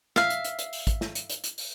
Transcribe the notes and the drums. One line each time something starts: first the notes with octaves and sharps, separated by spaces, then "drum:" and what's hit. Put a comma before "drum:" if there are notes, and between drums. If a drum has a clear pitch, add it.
E5 F5, drum: snare
drum: hi-hat
drum: hi-hat
drum: hi-hat
drum: open hi-hat
drum: kick, hi-hat
drum: snare
drum: hi-hat
drum: hi-hat
drum: hi-hat
drum: open hi-hat